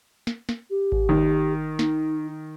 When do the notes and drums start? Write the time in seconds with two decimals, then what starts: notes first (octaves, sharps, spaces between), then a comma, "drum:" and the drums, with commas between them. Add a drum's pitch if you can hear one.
0.27 drum: snare
0.49 drum: snare
0.70 G4
0.92 drum: kick G#1
1.09 D#3
1.79 D#4, drum: snare